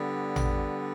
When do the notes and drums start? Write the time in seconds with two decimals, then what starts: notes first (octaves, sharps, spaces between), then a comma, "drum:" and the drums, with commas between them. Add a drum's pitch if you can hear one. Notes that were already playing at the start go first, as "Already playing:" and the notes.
Already playing: D3 G3 B3
0.36 drum: tom A1